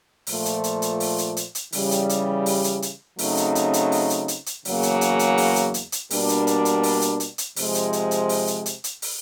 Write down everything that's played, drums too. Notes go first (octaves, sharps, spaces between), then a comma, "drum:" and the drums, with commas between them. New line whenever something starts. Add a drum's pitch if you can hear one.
A#2 F3 A3, drum: open hi-hat
drum: hi-hat
drum: hi-hat
drum: hi-hat
drum: open hi-hat
drum: hi-hat
drum: hi-hat
drum: hi-hat
C#3 E3 G3, drum: open hi-hat
drum: hi-hat
drum: hi-hat
drum: open hi-hat
drum: hi-hat
drum: hi-hat
C#3 F#3 A3 C4 D#4, drum: open hi-hat
drum: hi-hat
drum: hi-hat
drum: hi-hat
drum: open hi-hat
drum: hi-hat
drum: hi-hat
drum: hi-hat
E2 C#3 F#3 A#3, drum: open hi-hat
drum: hi-hat
drum: hi-hat
drum: hi-hat
drum: open hi-hat
drum: hi-hat
drum: hi-hat
drum: hi-hat
B2 G3 A#3 D4, drum: open hi-hat
drum: hi-hat
drum: hi-hat
drum: hi-hat
drum: open hi-hat
drum: hi-hat
drum: hi-hat
drum: hi-hat
C3 F3 G#3, drum: open hi-hat
drum: hi-hat
drum: hi-hat
drum: hi-hat
drum: open hi-hat
drum: hi-hat
drum: hi-hat
drum: hi-hat
drum: open hi-hat